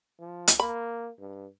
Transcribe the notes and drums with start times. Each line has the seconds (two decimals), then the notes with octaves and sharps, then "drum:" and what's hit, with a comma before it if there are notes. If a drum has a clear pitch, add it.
0.19 F3
0.48 drum: hi-hat
0.60 A#3 B5
1.19 G2